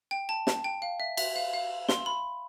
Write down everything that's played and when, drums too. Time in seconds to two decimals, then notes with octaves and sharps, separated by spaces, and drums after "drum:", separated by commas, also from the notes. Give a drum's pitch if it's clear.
0.11 G5
0.29 A5
0.47 A5, drum: snare
0.64 G5
0.82 F5
1.00 E5
1.17 E5, drum: cymbal
1.36 F5
1.53 F5
1.89 C6, drum: snare
2.06 B5